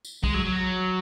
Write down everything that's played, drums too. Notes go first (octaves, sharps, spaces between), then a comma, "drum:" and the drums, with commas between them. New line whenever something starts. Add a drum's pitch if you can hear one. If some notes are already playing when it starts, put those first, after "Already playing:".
drum: tambourine
G#3, drum: kick
F#3
F#3